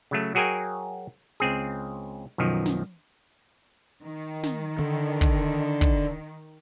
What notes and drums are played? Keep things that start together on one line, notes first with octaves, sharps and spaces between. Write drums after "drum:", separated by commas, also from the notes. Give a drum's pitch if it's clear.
C#3 F#3 A3
F#3 F#4 G#4 A#4 G5 G#5
C#2 C4 G#4
B1 F#2 D#3 F3
drum: snare
D#3
drum: snare
D3
drum: kick
drum: kick